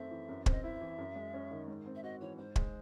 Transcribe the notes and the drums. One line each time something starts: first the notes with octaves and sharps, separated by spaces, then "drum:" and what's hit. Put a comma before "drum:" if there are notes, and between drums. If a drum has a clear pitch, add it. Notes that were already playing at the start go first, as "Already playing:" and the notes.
Already playing: F#2 D#3 A3 C4 E5
E3
F#2
C4, drum: kick
D#5
E4 E5
E3
F#2
G#3
C#4
D#3
G#2
C4
E5
F#4 D#5
E3 C#5
G#2 C5
G#3, drum: kick